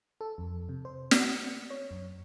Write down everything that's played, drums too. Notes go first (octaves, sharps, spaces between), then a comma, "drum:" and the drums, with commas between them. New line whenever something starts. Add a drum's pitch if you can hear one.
A4
F2
C3
C5
D5, drum: snare
C#7
C#5
F#2